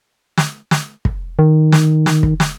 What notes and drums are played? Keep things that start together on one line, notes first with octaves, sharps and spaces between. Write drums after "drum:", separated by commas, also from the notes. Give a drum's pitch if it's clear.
drum: snare
drum: snare
drum: kick
D#3
drum: snare
drum: snare
drum: kick
drum: snare